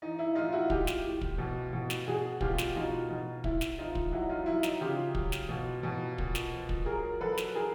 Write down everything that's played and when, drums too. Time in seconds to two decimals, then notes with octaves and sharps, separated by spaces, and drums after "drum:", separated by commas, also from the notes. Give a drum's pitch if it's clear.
0.02 E3 D#4
0.19 E4
0.35 A2 D#4 F4
0.52 E4 F#4
0.70 A2 F4 G4, drum: kick
0.87 drum: snare
1.05 A2
1.21 drum: kick
1.38 B2
1.73 B2
1.90 drum: snare
2.06 B2 F#4 G#4
2.41 B2 F4 G4, drum: kick
2.58 drum: snare
2.75 B2 D#4 F4
3.09 B2 D#4
3.44 A2 E4, drum: kick
3.61 drum: snare
3.78 F3 D#4 F4
3.95 drum: kick
4.12 F#3 E4 F#4
4.29 D#4 F4
4.46 F#3 E4
4.63 D#4, drum: snare
4.81 C#3 F4 G4
5.15 F#3, drum: kick
5.32 drum: snare
5.49 B2
5.83 B2
6.18 A#2, drum: kick
6.35 drum: snare
6.51 F3
6.69 drum: kick
6.86 F#3 G#4 A#4
7.20 F#3 A4 B4
7.38 drum: snare
7.55 F#3 G#4 A#4